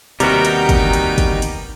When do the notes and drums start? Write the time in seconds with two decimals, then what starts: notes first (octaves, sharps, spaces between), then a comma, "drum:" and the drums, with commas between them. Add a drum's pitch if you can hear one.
0.20 D#2 C3 G3 B3 D#4 F#4 A#4 G5, drum: hi-hat
0.45 drum: hi-hat
0.69 drum: kick, hi-hat
0.93 drum: hi-hat
1.18 drum: kick, hi-hat
1.42 drum: hi-hat